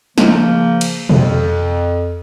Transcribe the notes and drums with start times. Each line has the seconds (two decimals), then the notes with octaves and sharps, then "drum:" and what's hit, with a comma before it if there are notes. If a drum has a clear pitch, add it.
0.18 C#3 F3 A#3, drum: snare
0.81 drum: cymbal
1.10 F2, drum: tom B2